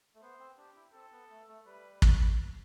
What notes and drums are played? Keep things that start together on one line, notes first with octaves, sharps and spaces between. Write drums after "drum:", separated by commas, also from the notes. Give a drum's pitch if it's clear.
A3
B3 C5
C4
D4 G4
E4
C4 A4
B3
A3
A3
G3 B4
B4, drum: kick